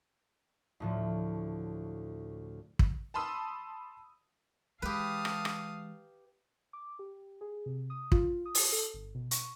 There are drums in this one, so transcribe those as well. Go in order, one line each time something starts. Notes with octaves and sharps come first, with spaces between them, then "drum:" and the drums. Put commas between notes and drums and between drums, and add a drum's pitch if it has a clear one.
D2 A2 F3
drum: kick
A5 B5 C6 D#6 E6
E3 G#3 G4 B4 F5 A5 D#6
drum: rim click
drum: rim click
D6
G4
G#4
C3
D#6
F4, drum: kick
D#6
drum: open hi-hat
A4
G1
B2
C#6, drum: hi-hat